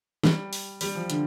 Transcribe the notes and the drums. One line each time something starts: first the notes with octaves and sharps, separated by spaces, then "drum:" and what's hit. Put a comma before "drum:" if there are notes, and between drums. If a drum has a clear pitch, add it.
G3, drum: snare
drum: open hi-hat
G3, drum: open hi-hat
F3
D3, drum: hi-hat